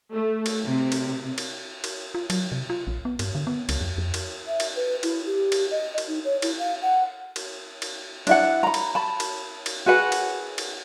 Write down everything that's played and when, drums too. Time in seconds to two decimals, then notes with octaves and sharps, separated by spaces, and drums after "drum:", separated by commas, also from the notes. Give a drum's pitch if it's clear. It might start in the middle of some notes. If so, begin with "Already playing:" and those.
0.13 A3
0.46 drum: cymbal
0.63 C3
0.92 drum: cymbal
1.38 drum: cymbal
1.84 drum: cymbal
2.15 F4
2.30 F#3, drum: cymbal
2.52 C3
2.70 F4
2.87 A#1
3.05 B3
3.19 G2, drum: cymbal
3.35 D3
3.47 B3
3.69 C#2, drum: cymbal
3.81 F2
3.98 F2
4.14 drum: cymbal
4.47 E5
4.60 drum: cymbal
4.75 B4
5.03 E4, drum: cymbal
5.26 G4
5.52 drum: cymbal
5.71 D#5
5.98 drum: cymbal
6.08 D#4
6.24 C#5
6.42 E4, drum: cymbal
6.59 F5
6.82 F#5
7.36 drum: cymbal
7.82 drum: cymbal
8.27 D4 E4 F#5, drum: cymbal
8.63 A#5 B5
8.74 drum: cymbal
8.95 A5 B5
9.20 drum: cymbal
9.66 drum: cymbal
9.86 F#4 G#4 B4 F#5
10.12 drum: cymbal
10.58 drum: cymbal